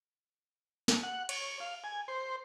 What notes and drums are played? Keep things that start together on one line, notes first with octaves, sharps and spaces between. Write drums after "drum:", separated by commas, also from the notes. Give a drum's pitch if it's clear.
drum: snare
F#5
C#5, drum: cymbal
F5
G#5
C5